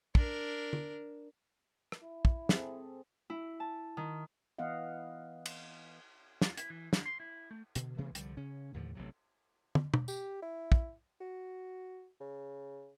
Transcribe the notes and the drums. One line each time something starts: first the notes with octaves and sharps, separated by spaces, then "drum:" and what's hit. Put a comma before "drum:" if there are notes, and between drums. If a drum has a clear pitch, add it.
D4 A#4, drum: kick
drum: tom
drum: rim click
E4
drum: kick
C4 G#4 A4, drum: snare
E4
A5
D#3
E3 B3 D#5 F5 F#5
drum: cymbal
F4, drum: snare
E4, drum: hi-hat
E3
D3, drum: snare
C6
E4
A3
B2 D3, drum: hi-hat
C3 E3 A3 B3
C2 D3 F3 G3, drum: hi-hat
C#3 C#4
D#2 A2 D3 F3
A1 C3 F#3
drum: tom
drum: tom
G4, drum: tambourine
E4
drum: kick
F#4
C#3